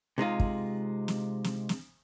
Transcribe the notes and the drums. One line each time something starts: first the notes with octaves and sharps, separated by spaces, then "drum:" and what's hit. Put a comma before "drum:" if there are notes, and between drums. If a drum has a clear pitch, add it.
C3 G#3 D#4 F4
drum: kick
drum: snare
drum: snare
drum: snare